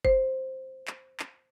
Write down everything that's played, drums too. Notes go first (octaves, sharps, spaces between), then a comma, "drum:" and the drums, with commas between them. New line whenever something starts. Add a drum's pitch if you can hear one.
C5, drum: kick F#1
drum: clap
drum: clap